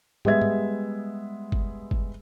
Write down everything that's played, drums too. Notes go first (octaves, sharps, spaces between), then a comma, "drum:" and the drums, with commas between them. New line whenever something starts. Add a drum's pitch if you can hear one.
G3 G#3 B3 E5 G#6, drum: tom
drum: tom
drum: kick G1
drum: kick G1